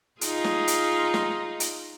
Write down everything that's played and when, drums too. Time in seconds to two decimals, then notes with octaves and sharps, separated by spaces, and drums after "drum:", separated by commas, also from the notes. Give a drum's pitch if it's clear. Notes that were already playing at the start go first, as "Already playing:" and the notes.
0.21 D#4 F4 G#4, drum: hi-hat
0.44 drum: snare
0.68 drum: hi-hat
1.14 drum: snare
1.60 drum: hi-hat